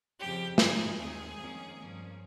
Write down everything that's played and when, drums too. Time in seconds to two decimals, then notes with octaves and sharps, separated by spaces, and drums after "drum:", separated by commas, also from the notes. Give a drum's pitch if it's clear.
0.19 F2 C#3 F3 G4
0.58 G#2 F3 A#3 D#4 G#4, drum: snare
0.97 D#2 D#3 G#3 C4 G#4
1.37 F2 D#3 A#3 C#4
1.77 G2 F3 A#3 C#4